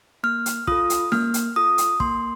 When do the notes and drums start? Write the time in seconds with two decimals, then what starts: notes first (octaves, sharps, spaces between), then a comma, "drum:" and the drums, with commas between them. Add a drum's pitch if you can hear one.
0.24 A#3 F6
0.46 drum: hi-hat
0.67 F4 A4 D#6, drum: kick
0.90 drum: hi-hat
1.12 A#3 F6, drum: snare C#4
1.34 drum: hi-hat
1.56 F4 A4 D#6
1.78 drum: hi-hat
2.00 A#3 C6, drum: kick